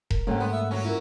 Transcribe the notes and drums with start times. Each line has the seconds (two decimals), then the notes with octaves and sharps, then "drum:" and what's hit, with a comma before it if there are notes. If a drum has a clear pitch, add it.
0.11 A#4, drum: kick E1
0.27 G#2 C3 G3 A3 A#3 C#4 F#5
0.40 B3
0.53 E5
0.71 F#3 C#4 C#5
0.85 E4 F4 A#4